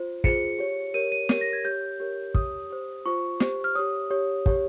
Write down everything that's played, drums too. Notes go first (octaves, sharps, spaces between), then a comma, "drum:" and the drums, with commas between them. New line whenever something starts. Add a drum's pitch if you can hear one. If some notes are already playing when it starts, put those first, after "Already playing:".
Already playing: F4 C5
F4 G#4 C5 C#7, drum: kick
G4 C#5
G4 A#4 C#5 D#7
D#7
G4 A#4 C#5 D#7, drum: snare
A#6
G#6
G4 C#5 G6
G4 A#4 C#5
G4 C#5 D#6, drum: kick
G4 C5
F4 C5 C#6
G4 C5, drum: snare
F6
G4 C#5 D#6
G4 C#5
G4 C#5, drum: kick